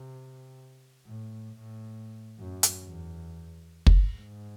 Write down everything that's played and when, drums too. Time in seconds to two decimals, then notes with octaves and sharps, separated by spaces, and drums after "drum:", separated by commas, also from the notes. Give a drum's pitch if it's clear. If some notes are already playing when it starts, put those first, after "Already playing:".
Already playing: C3
1.06 A2
1.51 A2
2.39 F#2
2.63 drum: hi-hat
2.83 E2
3.86 drum: kick
4.16 G#2